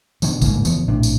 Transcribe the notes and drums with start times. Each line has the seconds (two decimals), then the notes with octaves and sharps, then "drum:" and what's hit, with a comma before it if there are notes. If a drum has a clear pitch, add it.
0.22 G2 B2 D3 E3, drum: tambourine
0.42 D1 G#2 C#3 A#3, drum: kick, tambourine
0.65 F#1 E3 F3 B3, drum: tambourine
0.88 A#1 A2 C3 D4
1.03 drum: tambourine